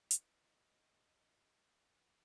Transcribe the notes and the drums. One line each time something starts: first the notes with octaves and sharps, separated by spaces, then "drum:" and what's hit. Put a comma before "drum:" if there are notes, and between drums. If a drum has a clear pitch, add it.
E4 B4 D#5 F#5, drum: hi-hat